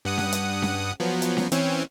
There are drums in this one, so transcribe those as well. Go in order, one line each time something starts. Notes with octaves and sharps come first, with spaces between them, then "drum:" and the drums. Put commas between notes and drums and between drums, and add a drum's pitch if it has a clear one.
G2 F#5 D#6
drum: snare C#4
drum: hi-hat
drum: snare C#4
F3 F#3 B3
drum: hi-hat
drum: snare C#4
E3 C4 C#4, drum: hi-hat